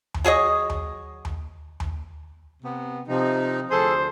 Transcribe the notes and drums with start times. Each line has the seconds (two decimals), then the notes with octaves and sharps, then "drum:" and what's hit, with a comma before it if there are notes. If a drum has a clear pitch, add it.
0.14 drum: tom D#2
0.24 F#3 G#4 C#5 D#5
0.70 drum: tom D#2
1.25 drum: tom D#2
1.80 drum: tom D#2
2.63 C3 B3
3.08 C3 F3 D#4
3.71 D2 F3 G#4 A4 C5